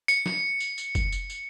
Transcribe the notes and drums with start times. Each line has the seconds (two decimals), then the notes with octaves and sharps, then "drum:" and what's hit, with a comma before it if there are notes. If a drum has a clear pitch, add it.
0.08 C#7, drum: tambourine
0.26 drum: snare
0.60 drum: tambourine
0.78 drum: tambourine
0.95 drum: kick, tambourine
1.12 drum: tambourine
1.30 drum: tambourine